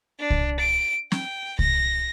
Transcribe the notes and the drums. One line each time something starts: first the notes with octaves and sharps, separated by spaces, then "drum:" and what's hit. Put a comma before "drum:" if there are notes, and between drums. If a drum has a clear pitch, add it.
D4
drum: kick C2
D7
G5, drum: snare
A#6, drum: kick C2